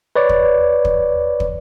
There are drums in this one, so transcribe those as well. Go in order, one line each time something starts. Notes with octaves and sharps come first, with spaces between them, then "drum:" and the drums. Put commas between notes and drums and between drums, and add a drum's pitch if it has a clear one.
B4 C#5 D5
drum: kick
drum: kick
drum: kick